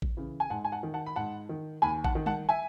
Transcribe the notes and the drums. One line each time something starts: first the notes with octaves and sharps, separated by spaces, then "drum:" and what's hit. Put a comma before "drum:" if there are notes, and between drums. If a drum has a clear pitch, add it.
drum: kick A1
C#3 E3
G#5
G#2 F#5 A5
G#5
F#5 A5
D#3
F#5 A5
B5
G#2 F#5 A5
D#3
D#2 G#5 B5
F#5 A5, drum: kick A1
D#3
F#5 A5, drum: tom G3
E5 G#5